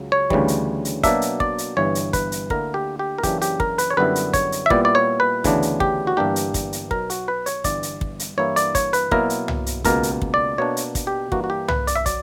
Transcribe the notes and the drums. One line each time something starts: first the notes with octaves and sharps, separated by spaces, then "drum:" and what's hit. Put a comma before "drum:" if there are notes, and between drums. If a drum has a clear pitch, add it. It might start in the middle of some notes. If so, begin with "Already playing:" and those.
Already playing: C#2 C#3 F#3
C#5
D2 C#3 E3 G3, drum: kick
drum: hi-hat
drum: hi-hat
B2 F#3 A#3 D4 E5, drum: kick, hi-hat
drum: hi-hat
D5, drum: kick
drum: hi-hat
G1 G2 E3 C#5
drum: hi-hat
B4, drum: kick, hi-hat
drum: hi-hat
D2 D3 A#3 E4 A#4, drum: kick
G4
G4
A#4
F#2 C#3 E3 A#3 D4 G4, drum: kick, hi-hat
G4, drum: hi-hat
A#4, drum: kick
B4, drum: hi-hat
C#5
F#2 D3 G3 B3 E4 B4
drum: hi-hat
C#5, drum: kick, hi-hat
drum: hi-hat
E5
A#2 G3 B3 E4 D5, drum: kick
D5
C#5
B4
D2 C#3 E3 B3 D4, drum: kick, hi-hat
drum: hi-hat
G4, drum: kick
F#4
G1 G2 E3 A#3 D4 G4
drum: hi-hat
drum: kick, hi-hat
drum: hi-hat
B1 B2 F#3 A#4, drum: kick
F#4, drum: hi-hat
B4
C#5, drum: hi-hat
G1 G2 E3 D5, drum: kick, hi-hat
drum: hi-hat
drum: kick
drum: hi-hat
G2 E3 A#3 E4 C#5
D5, drum: hi-hat
C#5, drum: kick, hi-hat
B4, drum: hi-hat
B2 F#3 A#3 E4 A#4, drum: kick
drum: hi-hat
drum: tom C2
drum: hi-hat
C#2 B2 A#3 A#4, drum: kick, hi-hat
drum: hi-hat
drum: kick
D5
B2 A#3 D4 C#5
drum: hi-hat
drum: kick, hi-hat
G4
G2 E3 A#3 D4 F#4, drum: kick
F#4
G4
B4, drum: tom C2
D5, drum: hi-hat
E5
F#3 D5, drum: kick, hi-hat